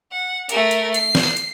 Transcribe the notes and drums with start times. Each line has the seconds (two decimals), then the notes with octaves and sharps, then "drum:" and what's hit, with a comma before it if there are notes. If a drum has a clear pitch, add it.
0.12 F#5
0.49 A3 A#4, drum: hi-hat
0.71 drum: hi-hat
0.94 C7, drum: hi-hat
1.15 drum: snare
1.37 drum: hi-hat